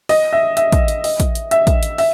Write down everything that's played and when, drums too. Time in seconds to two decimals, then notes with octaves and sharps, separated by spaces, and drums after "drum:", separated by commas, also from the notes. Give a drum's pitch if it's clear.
0.09 D#5, drum: open hi-hat
0.33 E5
0.57 E5, drum: hi-hat
0.72 drum: kick, hi-hat
0.88 drum: hi-hat
1.04 D#5, drum: open hi-hat
1.20 drum: kick, hi-hat
1.35 drum: hi-hat
1.51 E5, drum: hi-hat
1.67 drum: kick, hi-hat
1.83 drum: hi-hat
1.98 E5, drum: open hi-hat